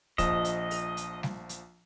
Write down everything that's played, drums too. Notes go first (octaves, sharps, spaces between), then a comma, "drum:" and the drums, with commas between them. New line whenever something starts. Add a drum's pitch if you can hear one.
A#1 F3 D#5 E7, drum: kick, hi-hat
drum: hi-hat
drum: open hi-hat
drum: hi-hat
drum: snare G3
drum: hi-hat